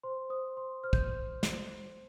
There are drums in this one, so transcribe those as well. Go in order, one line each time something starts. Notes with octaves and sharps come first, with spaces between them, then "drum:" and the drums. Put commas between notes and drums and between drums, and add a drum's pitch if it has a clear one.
C5 C6
C5 D#6
C5 C6
C5 F6
G6, drum: kick
drum: snare